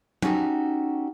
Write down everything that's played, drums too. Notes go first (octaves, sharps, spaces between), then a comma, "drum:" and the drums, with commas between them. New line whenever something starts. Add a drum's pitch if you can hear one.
C#4 D#4 F#4 G4 A4, drum: tom